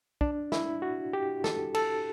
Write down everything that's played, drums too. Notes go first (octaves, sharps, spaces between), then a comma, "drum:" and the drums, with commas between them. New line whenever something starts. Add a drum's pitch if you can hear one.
D4, drum: kick
E4, drum: snare
F#4
G4
A4, drum: snare
A4, drum: cymbal